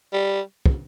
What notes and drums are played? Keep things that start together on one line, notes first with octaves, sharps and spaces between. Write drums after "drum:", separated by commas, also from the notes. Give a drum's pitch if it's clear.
G3
drum: kick